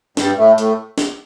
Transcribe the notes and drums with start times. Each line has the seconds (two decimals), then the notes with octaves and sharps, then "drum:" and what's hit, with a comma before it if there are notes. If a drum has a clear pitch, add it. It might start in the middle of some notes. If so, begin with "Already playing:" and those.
0.17 G2 G3, drum: snare
0.38 A2 A3
0.58 A2 A3, drum: hi-hat
0.98 drum: snare